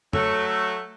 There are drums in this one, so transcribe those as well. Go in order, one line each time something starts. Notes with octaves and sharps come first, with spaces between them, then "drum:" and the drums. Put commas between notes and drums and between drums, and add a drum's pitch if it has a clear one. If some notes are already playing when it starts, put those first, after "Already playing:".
F#3 A3, drum: tom